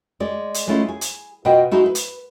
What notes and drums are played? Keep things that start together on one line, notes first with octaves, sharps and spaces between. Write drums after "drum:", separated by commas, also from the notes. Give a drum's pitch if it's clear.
G#3 D5
drum: hi-hat
G#3 A3 C#4 E4 F4
G#4
drum: hi-hat
B2 F4 F#4 B4 D#5 G5
G#3 D#4 E4 F#4
B4
drum: hi-hat